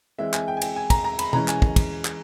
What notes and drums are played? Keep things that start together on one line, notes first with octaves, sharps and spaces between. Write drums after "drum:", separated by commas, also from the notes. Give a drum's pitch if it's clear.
E3 G#3 C4 E5
G#5, drum: clap
G5
G#5
G5, drum: cymbal
G#5
A#5, drum: kick, cymbal
A#5
B5, drum: cymbal
E3 G#3 C#4 A#5, drum: tom B2
G#5, drum: clap
drum: kick
drum: kick, cymbal
drum: clap